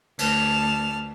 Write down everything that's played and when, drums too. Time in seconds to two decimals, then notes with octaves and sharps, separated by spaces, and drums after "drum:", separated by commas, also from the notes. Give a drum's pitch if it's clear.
0.19 D2 A5 F6, drum: cymbal